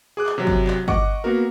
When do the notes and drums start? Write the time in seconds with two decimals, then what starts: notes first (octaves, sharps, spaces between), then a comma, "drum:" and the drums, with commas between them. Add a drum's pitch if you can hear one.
0.17 G#4 D6 F#6
0.27 drum: clap
0.38 C3 F#3
0.47 drum: kick G1
0.67 drum: clap
0.88 D#5 F#5 C#6 D6, drum: kick G1
1.24 A#3 B3 F#4 A#4